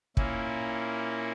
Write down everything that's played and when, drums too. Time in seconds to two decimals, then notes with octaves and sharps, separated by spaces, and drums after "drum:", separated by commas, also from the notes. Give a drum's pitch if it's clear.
0.17 A#2 A#3 C#4 E4, drum: kick